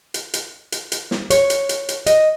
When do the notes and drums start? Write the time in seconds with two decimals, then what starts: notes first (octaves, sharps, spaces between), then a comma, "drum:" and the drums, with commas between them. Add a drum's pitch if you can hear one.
0.14 drum: hi-hat
0.34 drum: hi-hat
0.72 drum: hi-hat
0.92 drum: hi-hat
1.11 drum: snare
1.30 C#5, drum: hi-hat
1.50 drum: hi-hat
1.69 drum: hi-hat
1.89 drum: hi-hat
2.06 D#5, drum: hi-hat